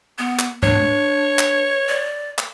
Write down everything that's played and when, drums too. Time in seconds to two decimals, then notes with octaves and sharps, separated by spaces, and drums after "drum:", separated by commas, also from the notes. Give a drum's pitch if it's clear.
0.19 B3
0.39 drum: clap
0.63 D4 C#5, drum: tom G#2
1.39 drum: clap
1.89 D5
2.38 drum: clap